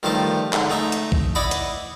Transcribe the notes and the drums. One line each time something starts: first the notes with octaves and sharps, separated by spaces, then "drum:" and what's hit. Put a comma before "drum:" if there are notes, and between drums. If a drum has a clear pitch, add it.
G2 D#3 F3 A3 A5
G#2 D3, drum: clap
A3 D#4 E5
drum: hi-hat
drum: kick A#1
E4 D5 D#5 F#5 B5
drum: hi-hat